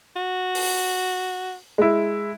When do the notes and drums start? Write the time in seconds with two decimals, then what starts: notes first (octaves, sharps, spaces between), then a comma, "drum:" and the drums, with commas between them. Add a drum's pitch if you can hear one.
0.16 F#4
0.55 drum: open hi-hat
1.78 G#3 E4